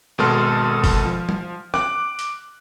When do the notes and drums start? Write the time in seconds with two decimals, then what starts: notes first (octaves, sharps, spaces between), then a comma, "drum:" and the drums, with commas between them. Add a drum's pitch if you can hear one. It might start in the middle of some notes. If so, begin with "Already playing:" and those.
0.18 G#1 B2 G#3 A4 C6 F6
0.84 drum: kick, open hi-hat
1.04 F3
1.29 drum: tom F#3
1.74 D6 F#6, drum: rim click
2.19 drum: hi-hat